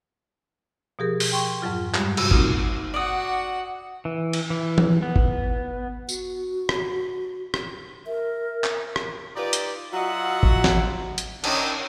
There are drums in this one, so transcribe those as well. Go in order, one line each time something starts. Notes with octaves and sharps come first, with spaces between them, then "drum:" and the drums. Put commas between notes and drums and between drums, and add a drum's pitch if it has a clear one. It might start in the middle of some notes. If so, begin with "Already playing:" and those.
B2 F3 G4 G#4 A#4
drum: open hi-hat
G5 C6 C#6
F2 G#2 F#3 F4
G2 G3 G#3, drum: clap
G2 C3 F#4 E6, drum: cymbal
A#2 A#3 C4 D#4 F4, drum: kick G#1
F#4 D5 F#5 D#6
E3
drum: cymbal
E3
drum: tom
B3
drum: kick G#1
F#4, drum: tambourine
drum: rim click
drum: rim click
A#4 E5
drum: clap
drum: rim click
D#4 F4 G4 B4 D5
drum: hi-hat
F#3 F4 F#4 D#5 E5 F#5
drum: kick G#1
drum: snare
drum: hi-hat
D#3 C#4 D4, drum: cymbal